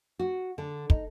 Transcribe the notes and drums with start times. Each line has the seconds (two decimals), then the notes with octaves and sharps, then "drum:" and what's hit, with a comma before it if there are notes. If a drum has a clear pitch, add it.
0.19 F#4
0.58 D3
0.90 D#4, drum: kick